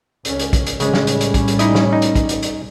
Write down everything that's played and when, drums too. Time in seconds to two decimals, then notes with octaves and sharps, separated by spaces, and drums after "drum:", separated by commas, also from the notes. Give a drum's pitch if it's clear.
0.25 C#2 C#4, drum: hi-hat
0.39 drum: hi-hat
0.53 drum: kick, hi-hat
0.67 drum: hi-hat
0.80 A2 C#3 G3 G#3 C#4, drum: hi-hat
0.94 drum: snare
1.07 drum: hi-hat
1.21 drum: hi-hat
1.34 drum: kick, hi-hat
1.48 drum: hi-hat
1.59 D#4 E4 D#5, drum: hi-hat
1.75 drum: snare
1.93 D#4
2.02 drum: hi-hat
2.15 drum: kick, hi-hat
2.29 drum: hi-hat
2.43 drum: hi-hat